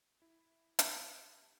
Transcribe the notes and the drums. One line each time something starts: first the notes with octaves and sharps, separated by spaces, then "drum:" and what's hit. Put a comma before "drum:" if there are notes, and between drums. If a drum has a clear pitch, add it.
E4
G4, drum: hi-hat